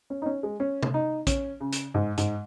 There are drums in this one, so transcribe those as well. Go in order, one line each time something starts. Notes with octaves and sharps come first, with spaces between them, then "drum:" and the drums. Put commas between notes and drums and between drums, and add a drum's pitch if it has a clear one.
C#4
D#4
C#4
G#3
C#4
drum: tom
D#4
C#4, drum: kick, hi-hat
C#3
drum: hi-hat
G#2
G#2, drum: hi-hat